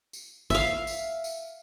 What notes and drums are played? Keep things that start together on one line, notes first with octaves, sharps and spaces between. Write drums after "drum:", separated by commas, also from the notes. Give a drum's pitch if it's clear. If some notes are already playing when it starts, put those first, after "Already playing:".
drum: tambourine
E5 F5, drum: kick, tambourine
drum: tambourine
drum: tambourine